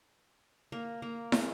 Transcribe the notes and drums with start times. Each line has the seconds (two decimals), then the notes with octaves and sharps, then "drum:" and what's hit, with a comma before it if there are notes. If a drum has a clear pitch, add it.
0.72 A#3
1.02 A#3
1.32 G#3, drum: snare